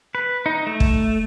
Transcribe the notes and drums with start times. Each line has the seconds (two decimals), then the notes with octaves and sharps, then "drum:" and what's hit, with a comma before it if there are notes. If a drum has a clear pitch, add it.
0.15 B4
0.46 D#4
0.67 A3
0.80 drum: kick